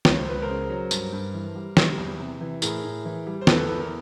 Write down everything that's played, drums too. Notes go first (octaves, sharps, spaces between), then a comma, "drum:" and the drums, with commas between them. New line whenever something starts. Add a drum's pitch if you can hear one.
C#2 C#5, drum: snare
C5
C#2 B4
A#4 C5
C#3
F#3
G2, drum: tambourine
G2
E3
G3
G3, drum: snare
E2
C3
E3
A2 G#4 A#4, drum: tambourine
A2
E3
G3
C5
E2 A4 B4, drum: snare
E2
A#4